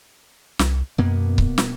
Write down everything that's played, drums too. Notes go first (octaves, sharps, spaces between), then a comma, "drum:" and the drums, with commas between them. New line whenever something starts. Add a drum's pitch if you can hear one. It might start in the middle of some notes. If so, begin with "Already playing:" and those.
C2, drum: snare
F#2 B2 A#3 B3
drum: kick C#1
drum: snare